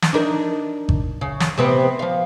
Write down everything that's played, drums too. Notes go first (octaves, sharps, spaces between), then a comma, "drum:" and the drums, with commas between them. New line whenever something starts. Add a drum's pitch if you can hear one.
drum: snare
D4 D#4 A#4
drum: kick G#1
C#3
drum: snare
C3 B3 C4
F3 F5